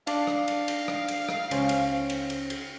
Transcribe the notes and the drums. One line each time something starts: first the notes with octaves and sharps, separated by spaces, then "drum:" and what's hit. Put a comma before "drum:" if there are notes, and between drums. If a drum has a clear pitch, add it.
D4 D5 F5, drum: cymbal
drum: rim click
drum: cymbal
drum: cymbal
drum: rim click
drum: cymbal
drum: rim click
C#2 C#4 C5, drum: cymbal
drum: cymbal
drum: cymbal
drum: cymbal
drum: cymbal